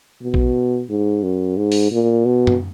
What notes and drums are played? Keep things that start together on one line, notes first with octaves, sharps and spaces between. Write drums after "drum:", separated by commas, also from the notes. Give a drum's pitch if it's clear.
B2
drum: kick A#1
G#2
F#2
G#2
drum: open hi-hat
A#2
B2
drum: tom F#2